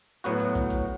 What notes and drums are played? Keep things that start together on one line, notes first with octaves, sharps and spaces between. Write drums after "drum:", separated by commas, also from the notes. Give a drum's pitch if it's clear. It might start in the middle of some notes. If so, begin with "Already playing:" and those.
A2 F#3 B3 F#4
drum: hi-hat
drum: kick, hi-hat
drum: hi-hat